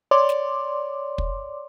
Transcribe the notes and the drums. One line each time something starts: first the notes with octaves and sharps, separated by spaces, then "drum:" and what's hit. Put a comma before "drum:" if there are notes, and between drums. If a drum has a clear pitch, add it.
C#5 D5 C6 D6
drum: snare
drum: kick